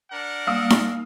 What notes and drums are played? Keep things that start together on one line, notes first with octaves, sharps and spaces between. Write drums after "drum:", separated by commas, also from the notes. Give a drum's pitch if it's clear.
D4 A#4 F#5
G3 A#3 F5 D#6 E6
drum: snare D#4